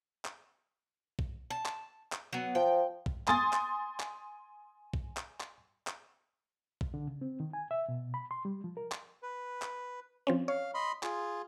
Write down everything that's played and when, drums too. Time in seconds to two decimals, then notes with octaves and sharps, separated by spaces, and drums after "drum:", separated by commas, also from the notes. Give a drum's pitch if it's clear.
0.25 drum: clap
1.19 drum: kick
1.50 A5
1.66 drum: clap
2.12 drum: clap
2.33 F#3 B3
2.55 F3 G5
3.06 drum: kick
3.28 G#5 C6 D#6 A6, drum: clap
3.53 drum: clap
4.00 drum: clap
4.94 drum: kick
5.17 drum: clap
5.40 drum: clap
5.87 drum: clap
6.81 drum: kick
6.94 D3
7.07 C#3
7.21 C4
7.40 D#3
7.53 G#5
7.71 E5
7.89 B2
8.14 B5
8.31 C6
8.45 G3
8.64 F3
8.77 A#4
8.92 drum: clap
9.23 B4
9.62 drum: clap
10.27 F3 C4 C#4
10.48 C#5 F5
10.74 D#5 B5 C6
11.03 F4 G#4, drum: clap